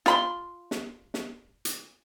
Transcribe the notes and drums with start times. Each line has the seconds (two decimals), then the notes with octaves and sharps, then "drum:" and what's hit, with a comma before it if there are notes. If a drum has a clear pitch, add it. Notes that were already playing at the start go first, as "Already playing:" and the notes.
0.06 F4 B5 C6, drum: snare
0.71 drum: snare
1.14 drum: snare
1.65 drum: hi-hat